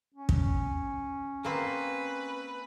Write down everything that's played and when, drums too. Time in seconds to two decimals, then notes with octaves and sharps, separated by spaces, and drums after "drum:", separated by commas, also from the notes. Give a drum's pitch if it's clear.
0.14 C#4
0.29 drum: kick
1.44 A#3 C4 B4